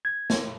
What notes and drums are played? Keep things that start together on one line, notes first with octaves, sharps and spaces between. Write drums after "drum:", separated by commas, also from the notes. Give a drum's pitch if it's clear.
G#6
drum: snare